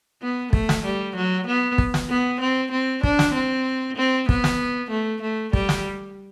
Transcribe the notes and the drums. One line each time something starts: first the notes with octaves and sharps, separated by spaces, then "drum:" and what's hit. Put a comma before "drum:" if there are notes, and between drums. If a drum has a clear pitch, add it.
B3
A3, drum: kick
drum: snare
G3
F#3
B3
drum: kick
drum: snare
B3
C4
C4
D4, drum: kick
drum: snare
C4
C4
B3, drum: kick
drum: snare
A3
A3
G3, drum: kick
drum: snare